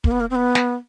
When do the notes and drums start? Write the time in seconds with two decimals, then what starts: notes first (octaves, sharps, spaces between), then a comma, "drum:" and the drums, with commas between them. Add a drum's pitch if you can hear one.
0.04 A#3, drum: kick
0.11 B3
0.20 A#3
0.30 C4
0.35 B3
0.55 drum: snare